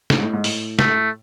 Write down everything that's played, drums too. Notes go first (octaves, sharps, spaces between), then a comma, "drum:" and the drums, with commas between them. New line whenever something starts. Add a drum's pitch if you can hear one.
A2, drum: snare
G#2
A2
G#2
A2, drum: open hi-hat
A3, drum: snare